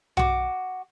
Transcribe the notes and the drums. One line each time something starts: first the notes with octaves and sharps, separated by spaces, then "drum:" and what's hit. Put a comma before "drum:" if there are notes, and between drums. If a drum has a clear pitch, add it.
F#4 D6, drum: tom